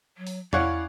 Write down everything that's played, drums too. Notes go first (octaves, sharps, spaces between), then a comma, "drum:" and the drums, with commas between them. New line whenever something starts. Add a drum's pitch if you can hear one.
F#3
drum: open hi-hat
C#4 E4 C#5 D5 F5 F#5, drum: tom E2